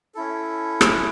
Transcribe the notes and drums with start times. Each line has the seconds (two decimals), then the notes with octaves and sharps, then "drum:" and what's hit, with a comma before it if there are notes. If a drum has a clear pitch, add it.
0.15 C#4 E4 A4
0.81 drum: rim click